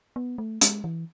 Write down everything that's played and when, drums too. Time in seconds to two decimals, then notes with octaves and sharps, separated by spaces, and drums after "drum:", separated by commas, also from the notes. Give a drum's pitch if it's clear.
0.16 B3
0.38 A3
0.61 G#3, drum: hi-hat
0.84 E3